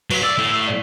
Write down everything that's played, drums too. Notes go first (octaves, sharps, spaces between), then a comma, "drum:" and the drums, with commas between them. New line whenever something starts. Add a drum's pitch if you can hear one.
F#3 B4, drum: cymbal
D5 E6
A2
D5